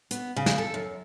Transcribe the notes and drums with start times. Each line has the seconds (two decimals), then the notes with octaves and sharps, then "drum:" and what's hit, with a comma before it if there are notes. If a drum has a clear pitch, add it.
0.11 B3, drum: hi-hat
0.36 C#3
0.46 drum: snare
0.58 A4
0.74 F#2